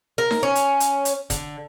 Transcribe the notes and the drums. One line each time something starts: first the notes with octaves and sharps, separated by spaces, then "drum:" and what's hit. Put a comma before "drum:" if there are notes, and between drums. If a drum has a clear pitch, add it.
A#4
drum: snare D#4
C#4
drum: hi-hat
drum: hi-hat
drum: hi-hat
D3, drum: kick, hi-hat